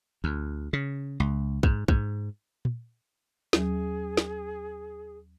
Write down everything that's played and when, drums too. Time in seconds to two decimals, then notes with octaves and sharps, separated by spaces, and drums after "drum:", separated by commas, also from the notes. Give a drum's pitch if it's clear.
0.24 D2
0.73 C#3
1.20 C#2
1.63 G#2, drum: kick
1.88 G#2, drum: kick
2.65 drum: tom
3.53 D#2 F#3 G#4, drum: snare
4.17 drum: snare